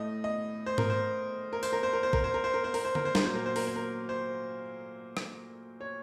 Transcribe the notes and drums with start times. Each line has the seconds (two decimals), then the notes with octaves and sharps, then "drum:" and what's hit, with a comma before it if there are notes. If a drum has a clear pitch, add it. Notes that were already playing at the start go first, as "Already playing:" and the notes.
Already playing: A2 A3 D#5
0.24 D#5
0.66 C5
0.78 A#4, drum: tom G#2
0.90 C5
1.53 A#4
1.63 C5, drum: tambourine
1.73 A#4
1.83 C5
1.93 A#4
2.03 C5
2.13 A#4, drum: kick
2.24 C5
2.34 A#4
2.44 C5
2.54 A#4
2.64 C5
2.74 A#4, drum: open hi-hat
2.85 C5
2.95 A#4, drum: tom D3
3.05 C5
3.15 A#4, drum: snare
3.24 A#2 F#3 A#3 C5
3.35 A#4
3.46 C5
3.56 A#4, drum: open hi-hat
3.67 C5
3.76 A#4
4.09 C5
5.17 drum: rim click
5.81 C#5